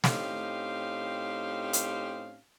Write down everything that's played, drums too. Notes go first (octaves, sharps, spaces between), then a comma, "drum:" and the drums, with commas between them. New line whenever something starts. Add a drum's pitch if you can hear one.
A2 C4 C#4 D#4 G4 F5, drum: snare
drum: hi-hat